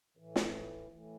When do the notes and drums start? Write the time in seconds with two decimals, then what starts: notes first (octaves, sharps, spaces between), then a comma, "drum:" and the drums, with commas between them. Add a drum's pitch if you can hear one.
0.17 A2 E3
0.36 drum: snare
0.90 A2 E3